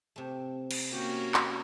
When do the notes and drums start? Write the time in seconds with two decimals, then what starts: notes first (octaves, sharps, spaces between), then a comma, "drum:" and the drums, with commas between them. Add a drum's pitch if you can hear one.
0.16 C3 A3
0.71 drum: cymbal
0.92 A#3 C#4 F#4 G4 F5 F#5
1.34 drum: clap